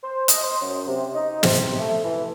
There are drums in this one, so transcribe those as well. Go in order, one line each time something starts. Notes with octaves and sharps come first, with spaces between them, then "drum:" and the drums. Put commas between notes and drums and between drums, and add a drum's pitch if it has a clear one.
C5
D#5, drum: hi-hat
C6
F#2
C3
D#4
C3, drum: snare
A3
E3